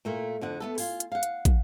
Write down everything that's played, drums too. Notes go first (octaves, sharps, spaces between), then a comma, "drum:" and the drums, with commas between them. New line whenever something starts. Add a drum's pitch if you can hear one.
A#2 A3 A#3
F2 D3 F#5
A3 B3 A4
F4 G#5, drum: open hi-hat
drum: hi-hat
F5 F#5
drum: hi-hat
drum: kick, hi-hat